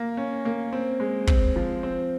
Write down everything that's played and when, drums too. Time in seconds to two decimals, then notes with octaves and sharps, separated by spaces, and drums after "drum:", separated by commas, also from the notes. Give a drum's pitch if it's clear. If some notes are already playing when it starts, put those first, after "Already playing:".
Already playing: A#3
0.17 C#4
0.45 A#3
0.73 C4
1.00 G#3
1.27 C4, drum: kick
1.56 F3
1.83 C4